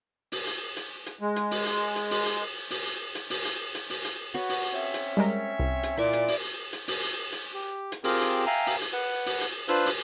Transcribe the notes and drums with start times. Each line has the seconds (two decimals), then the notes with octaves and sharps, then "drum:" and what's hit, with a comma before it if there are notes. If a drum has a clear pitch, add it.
0.32 drum: open hi-hat
0.47 drum: hi-hat
0.77 drum: hi-hat
1.06 drum: hi-hat
1.21 G#3
1.36 drum: hi-hat
1.51 drum: open hi-hat
1.66 drum: hi-hat
1.96 drum: hi-hat
2.11 drum: open hi-hat
2.26 drum: hi-hat
2.70 drum: open hi-hat
3.15 drum: hi-hat
3.30 drum: open hi-hat
3.45 drum: hi-hat
3.75 drum: hi-hat
3.90 drum: open hi-hat
4.04 drum: hi-hat
4.34 F#4 B4 C#5
4.49 drum: open hi-hat
4.72 C4 C#4 E5
4.94 drum: hi-hat
5.17 G3 G#3 A#4
5.60 C2
5.83 drum: hi-hat
5.97 A#2 E4 D5 E5
6.13 drum: hi-hat
6.28 drum: open hi-hat
6.73 drum: hi-hat
6.88 drum: open hi-hat
7.32 drum: hi-hat
7.54 G4
7.92 drum: hi-hat
8.04 C4 F4 G4 G#4 A#4, drum: open hi-hat
8.22 drum: hi-hat
8.46 E5 F5 G5 G#5 A#5
8.66 drum: open hi-hat
8.81 drum: hi-hat
8.93 B4 F#5
9.26 drum: open hi-hat
9.41 drum: hi-hat
9.68 D4 F4 B4 C5 E6 F#6, drum: hi-hat
9.86 drum: open hi-hat